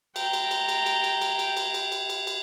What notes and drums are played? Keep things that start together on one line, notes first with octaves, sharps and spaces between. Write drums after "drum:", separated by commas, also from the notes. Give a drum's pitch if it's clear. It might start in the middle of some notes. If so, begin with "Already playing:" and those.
G5 A#5, drum: cymbal
drum: cymbal
drum: cymbal
drum: cymbal
drum: cymbal
drum: cymbal
drum: cymbal
drum: cymbal
drum: cymbal
drum: cymbal
drum: cymbal
drum: cymbal
drum: cymbal